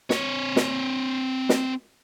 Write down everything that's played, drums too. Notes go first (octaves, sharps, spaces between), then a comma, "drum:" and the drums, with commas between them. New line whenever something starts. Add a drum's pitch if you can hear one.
C4 C#5, drum: snare
drum: snare
drum: snare